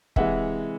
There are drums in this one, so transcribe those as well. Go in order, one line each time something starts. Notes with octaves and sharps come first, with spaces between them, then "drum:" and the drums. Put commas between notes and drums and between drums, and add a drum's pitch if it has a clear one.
C3 E3 G#3 E5 F#5, drum: kick